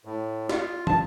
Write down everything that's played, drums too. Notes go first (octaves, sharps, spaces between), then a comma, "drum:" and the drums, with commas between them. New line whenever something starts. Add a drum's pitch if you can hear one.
A2
F4, drum: snare
A5, drum: tom